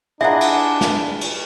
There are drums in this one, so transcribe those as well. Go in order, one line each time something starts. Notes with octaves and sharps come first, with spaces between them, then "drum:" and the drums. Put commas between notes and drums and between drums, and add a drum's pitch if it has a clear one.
D4 E4 F4 G#4 D#5 E5 F#5 A#5
drum: cymbal
drum: snare
drum: cymbal